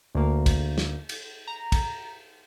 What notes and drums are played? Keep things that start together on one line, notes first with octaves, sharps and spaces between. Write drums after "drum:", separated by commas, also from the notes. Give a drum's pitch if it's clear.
D2 A#3
drum: kick, cymbal
drum: snare
drum: cymbal
A#5
drum: kick, cymbal